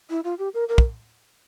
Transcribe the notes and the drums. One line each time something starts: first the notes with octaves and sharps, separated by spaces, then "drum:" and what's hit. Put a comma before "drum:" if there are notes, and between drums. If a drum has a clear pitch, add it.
E4
F4
G4
A#4
A#4
drum: kick